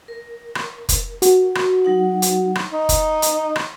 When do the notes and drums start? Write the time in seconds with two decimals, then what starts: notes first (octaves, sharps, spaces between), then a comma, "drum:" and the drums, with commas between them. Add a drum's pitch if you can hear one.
0.08 A#4
0.55 drum: rim click
0.89 drum: kick F1, hi-hat
1.22 F#4, drum: hi-hat
1.55 drum: rim click
1.85 F#3 D#4 F#5
2.22 drum: hi-hat
2.55 drum: rim click
2.72 D#4
2.89 drum: kick F1, hi-hat
3.22 drum: hi-hat
3.56 drum: rim click